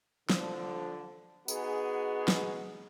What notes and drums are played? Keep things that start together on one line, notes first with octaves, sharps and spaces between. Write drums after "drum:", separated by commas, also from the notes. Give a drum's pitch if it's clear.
D3 F3, drum: snare
B3 D#4 F#4 G#4, drum: tambourine
drum: snare